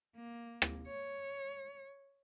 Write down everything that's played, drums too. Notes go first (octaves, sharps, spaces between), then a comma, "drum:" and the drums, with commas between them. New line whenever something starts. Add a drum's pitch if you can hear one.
A#3
drum: rim click
C#5